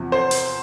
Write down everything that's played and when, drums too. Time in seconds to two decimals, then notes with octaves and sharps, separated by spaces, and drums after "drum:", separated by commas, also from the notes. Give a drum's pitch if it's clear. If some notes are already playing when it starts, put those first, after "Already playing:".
Already playing: E2 C3 F3
0.12 C5
0.31 drum: hi-hat